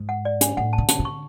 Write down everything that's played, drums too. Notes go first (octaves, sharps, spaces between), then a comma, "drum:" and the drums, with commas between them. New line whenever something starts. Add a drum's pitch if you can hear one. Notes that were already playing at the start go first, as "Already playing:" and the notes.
Already playing: G#2
F#5
D5
D4, drum: hi-hat
A2 F#5
A5
D3
A5, drum: hi-hat
D3
C#6